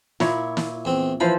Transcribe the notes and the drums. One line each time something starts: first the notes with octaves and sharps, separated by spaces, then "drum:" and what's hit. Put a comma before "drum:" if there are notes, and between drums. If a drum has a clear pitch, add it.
A#2 E4 C#5, drum: snare
drum: snare
E2 C4
E3 F3 C5 B5